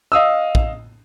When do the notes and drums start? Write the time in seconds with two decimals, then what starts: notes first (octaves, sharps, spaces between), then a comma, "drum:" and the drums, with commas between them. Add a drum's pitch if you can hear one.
0.12 D#5 F5 D#6 E6
0.55 drum: kick